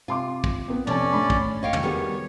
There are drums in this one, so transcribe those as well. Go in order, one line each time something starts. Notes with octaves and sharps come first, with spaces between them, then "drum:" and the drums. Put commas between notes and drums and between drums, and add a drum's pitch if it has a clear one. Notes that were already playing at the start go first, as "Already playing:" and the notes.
C3 F4 C6 D6
drum: kick
B3 C4
F1 C#4 D5 A5, drum: tom
A2 D4 B5
drum: kick
C#5 D#5 F5 G5
drum: tom
D#3 G3 B3 F#4 G#4